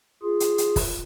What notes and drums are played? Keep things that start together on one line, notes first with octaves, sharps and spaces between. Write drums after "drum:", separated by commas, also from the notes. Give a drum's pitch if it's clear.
F4 G#4
drum: hi-hat
drum: hi-hat
drum: kick, open hi-hat